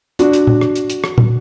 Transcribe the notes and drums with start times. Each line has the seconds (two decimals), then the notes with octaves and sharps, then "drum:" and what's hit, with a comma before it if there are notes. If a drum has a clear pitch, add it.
0.19 D4 F#4, drum: hi-hat
0.33 drum: hi-hat
0.47 drum: tom A#2
0.61 drum: rim click
0.76 drum: hi-hat
0.90 drum: hi-hat
1.04 drum: rim click
1.18 drum: tom